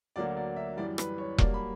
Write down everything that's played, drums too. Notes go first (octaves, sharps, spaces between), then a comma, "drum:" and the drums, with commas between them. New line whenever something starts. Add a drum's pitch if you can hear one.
D2 D3 F#3 A#3 D5
D5
E5
F#2 E3 G3 D5
B4, drum: rim click
C#5
G2 F#3 A#3 D5, drum: kick E1
B5